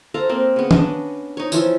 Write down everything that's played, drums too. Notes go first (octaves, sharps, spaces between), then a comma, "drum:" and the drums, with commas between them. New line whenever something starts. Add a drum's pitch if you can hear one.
A4 C5 F5 A#5
A#3 C4
C#3 B3
C#4 D4 D#5, drum: tom D#3
D#4 C#5
E3 F3 E5, drum: tambourine